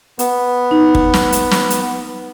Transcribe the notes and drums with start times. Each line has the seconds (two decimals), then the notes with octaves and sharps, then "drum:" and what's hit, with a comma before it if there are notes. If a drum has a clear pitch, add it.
0.19 B3, drum: hi-hat
0.71 D#4
0.95 drum: kick
1.14 drum: snare
1.32 drum: hi-hat
1.51 drum: snare
1.70 drum: hi-hat